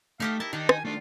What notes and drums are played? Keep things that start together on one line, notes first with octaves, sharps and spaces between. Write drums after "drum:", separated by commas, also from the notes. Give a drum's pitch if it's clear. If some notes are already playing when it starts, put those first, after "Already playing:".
A3 D#4 G4 D#5 F5
E4 A#4 A5
D#3 D4 D#4
G#5, drum: rim click
A3 D4 F4